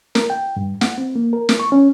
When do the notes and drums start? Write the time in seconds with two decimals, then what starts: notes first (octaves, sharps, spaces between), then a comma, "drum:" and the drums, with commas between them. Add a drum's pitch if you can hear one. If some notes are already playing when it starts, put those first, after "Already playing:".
0.15 A#4, drum: snare
0.30 G5
0.57 G2
0.81 F#5, drum: snare
0.98 C4
1.16 A#3
1.33 A#4
1.49 drum: snare
1.60 C#6
1.72 C#4